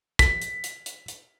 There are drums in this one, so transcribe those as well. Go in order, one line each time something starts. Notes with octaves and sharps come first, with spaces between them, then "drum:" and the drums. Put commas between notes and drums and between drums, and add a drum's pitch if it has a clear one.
B6, drum: kick, hi-hat
drum: hi-hat
drum: hi-hat
drum: hi-hat
drum: hi-hat